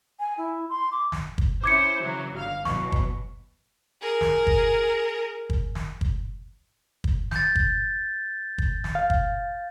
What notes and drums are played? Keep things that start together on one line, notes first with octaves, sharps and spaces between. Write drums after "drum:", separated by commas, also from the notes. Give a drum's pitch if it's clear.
G#5
E4
C6
D6
drum: snare
drum: kick
C#4 E4 C5 D6 G#6 C#7
C#3 E3 F#3
G1 G2 F5
B2 E3 F#3 C#6, drum: snare
drum: kick
G#4 A#4
drum: snare
drum: kick
drum: kick
drum: snare
drum: kick
drum: kick
G6 A6, drum: snare
drum: kick
drum: kick
drum: snare
F5
drum: kick